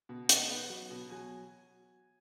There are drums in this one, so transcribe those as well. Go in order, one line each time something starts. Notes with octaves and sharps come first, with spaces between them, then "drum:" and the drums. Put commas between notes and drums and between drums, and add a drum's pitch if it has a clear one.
B2
D#4, drum: hi-hat
B3
F#3
B2
F#3 G#5